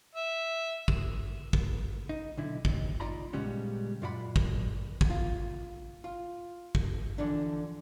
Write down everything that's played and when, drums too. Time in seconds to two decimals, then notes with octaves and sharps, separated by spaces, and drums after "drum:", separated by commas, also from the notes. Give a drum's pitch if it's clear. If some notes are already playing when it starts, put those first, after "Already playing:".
0.15 E5
0.88 drum: kick
1.53 drum: kick
2.09 D#4
2.37 B1 D3 E4
2.65 D#2 C3, drum: kick
3.00 D#4 F4 D5 A#5 B5
3.33 A#2 C#3 G3 G#3 B3 C#4
4.02 F#2 A#2 F4 D5 F#5 B5
4.36 drum: kick
5.01 drum: kick
5.10 F4
6.04 F4
6.75 drum: kick
7.18 D3 E3 F3 D4